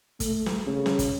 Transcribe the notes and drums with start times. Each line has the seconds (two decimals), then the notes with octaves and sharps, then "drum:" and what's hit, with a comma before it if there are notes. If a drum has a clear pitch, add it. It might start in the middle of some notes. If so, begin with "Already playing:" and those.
0.20 A3, drum: kick, hi-hat
0.46 drum: snare
0.66 C#3
0.86 drum: snare
0.99 drum: kick, hi-hat